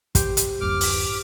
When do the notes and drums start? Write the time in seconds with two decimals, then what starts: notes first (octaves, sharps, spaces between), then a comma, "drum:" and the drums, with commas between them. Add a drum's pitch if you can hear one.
0.15 G4 C5, drum: kick, hi-hat
0.37 drum: hi-hat
0.61 D1 A1 F#2 D6 F6
0.81 drum: open hi-hat